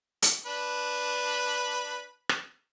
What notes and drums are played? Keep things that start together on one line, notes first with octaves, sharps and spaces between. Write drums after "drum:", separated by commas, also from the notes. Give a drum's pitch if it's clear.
drum: hi-hat
D4 B4
drum: rim click